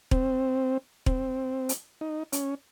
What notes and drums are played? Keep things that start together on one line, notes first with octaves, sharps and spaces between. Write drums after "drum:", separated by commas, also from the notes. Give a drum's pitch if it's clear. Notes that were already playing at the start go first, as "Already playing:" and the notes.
C4, drum: kick
C4, drum: kick
drum: hi-hat
D#4
C#4, drum: hi-hat